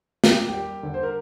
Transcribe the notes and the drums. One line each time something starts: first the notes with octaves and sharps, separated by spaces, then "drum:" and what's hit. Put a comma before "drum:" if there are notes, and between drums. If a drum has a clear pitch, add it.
A#3 G4, drum: snare
G3 G4
D3
C5
A#4